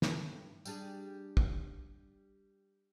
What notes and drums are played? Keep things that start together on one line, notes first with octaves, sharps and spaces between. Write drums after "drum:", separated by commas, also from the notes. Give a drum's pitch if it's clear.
G2 A3, drum: snare
G3 D4 G#4, drum: tambourine
drum: kick